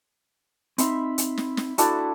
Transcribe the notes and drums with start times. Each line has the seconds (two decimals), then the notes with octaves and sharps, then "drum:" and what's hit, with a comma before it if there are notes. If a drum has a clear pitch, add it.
0.78 C4 D#4 E5 B5 C6, drum: hi-hat
1.18 drum: hi-hat
1.38 drum: snare
1.57 drum: snare
1.78 A3 D4 E4 F#4 D5, drum: hi-hat